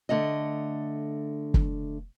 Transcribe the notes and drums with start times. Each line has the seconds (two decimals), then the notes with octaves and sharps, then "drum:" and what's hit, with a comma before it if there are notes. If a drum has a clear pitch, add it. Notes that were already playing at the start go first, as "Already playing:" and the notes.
0.09 D3 A3 D#5
1.54 drum: kick